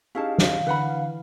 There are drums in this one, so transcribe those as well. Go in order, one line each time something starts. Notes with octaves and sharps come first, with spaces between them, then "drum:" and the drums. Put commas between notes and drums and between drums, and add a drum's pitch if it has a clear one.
C#4 D#4 E4 G4 G#4 F5 A5
drum: snare
D3 E3 B4 F#5 B5